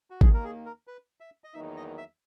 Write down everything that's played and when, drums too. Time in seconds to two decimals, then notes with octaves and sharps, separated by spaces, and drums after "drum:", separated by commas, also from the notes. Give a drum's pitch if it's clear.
0.10 F#4
0.21 D#2 D#3 A#3 G#4, drum: kick G#1
0.34 A#4
0.44 G#4
0.66 A#4
0.87 B4
1.20 E5
1.44 D#5
1.54 E2 D#3 F#3 A#3 D#4 E5
1.77 D#5
1.98 E5